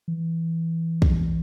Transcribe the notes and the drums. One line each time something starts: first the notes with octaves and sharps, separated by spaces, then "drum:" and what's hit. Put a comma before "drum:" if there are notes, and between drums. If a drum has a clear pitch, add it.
E3
drum: kick